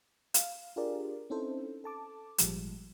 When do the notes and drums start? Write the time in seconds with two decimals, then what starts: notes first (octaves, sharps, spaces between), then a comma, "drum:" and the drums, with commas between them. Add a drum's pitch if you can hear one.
0.34 F5, drum: hi-hat
0.76 D4 F4 G4 G#4 A#4 D5
1.30 C4 C#4 D#4 E4 A4 C5
1.84 A4 A5 D6
2.38 G#1 A#2 F3 G3 G#3, drum: hi-hat